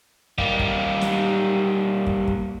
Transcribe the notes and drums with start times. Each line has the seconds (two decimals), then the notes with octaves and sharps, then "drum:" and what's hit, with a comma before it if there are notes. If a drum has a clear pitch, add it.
0.38 G3 A#3, drum: kick
0.59 drum: kick
1.01 drum: snare
2.06 drum: kick
2.27 drum: kick